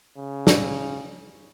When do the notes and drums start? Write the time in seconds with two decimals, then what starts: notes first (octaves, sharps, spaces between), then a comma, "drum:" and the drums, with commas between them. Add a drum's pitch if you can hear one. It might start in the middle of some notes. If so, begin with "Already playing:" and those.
0.18 C#3
0.47 drum: snare